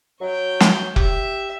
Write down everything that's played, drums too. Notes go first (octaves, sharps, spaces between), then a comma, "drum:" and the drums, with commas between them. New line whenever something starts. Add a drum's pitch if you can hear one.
F#3 C#5 G5
drum: snare
G4 E5, drum: kick F1